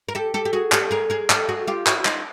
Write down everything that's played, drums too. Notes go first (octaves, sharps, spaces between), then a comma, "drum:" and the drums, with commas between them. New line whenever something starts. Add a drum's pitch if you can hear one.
A#4
G4 A4
G4 A4
G4
F#4 G#4
G4 A4, drum: clap
G#4 A#4
G#4 A#4
G4 A4, drum: clap
F#4 G#4
F4 G4
E4 F#4, drum: clap
D#4 F4, drum: clap